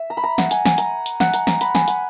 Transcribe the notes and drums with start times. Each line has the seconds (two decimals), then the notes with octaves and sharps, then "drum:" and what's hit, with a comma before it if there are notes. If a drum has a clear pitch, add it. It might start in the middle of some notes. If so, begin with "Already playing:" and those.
Already playing: E5
0.10 A#5
0.17 B5
0.24 A#5
0.38 F#5, drum: snare
0.51 G#5, drum: hi-hat
0.65 G#5, drum: snare
0.78 A#5, drum: hi-hat
1.06 drum: hi-hat
1.20 F#5, drum: snare
1.34 A#5, drum: hi-hat
1.47 A#5, drum: snare
1.61 B5, drum: hi-hat
1.75 G#5, drum: snare
1.88 F#5, drum: hi-hat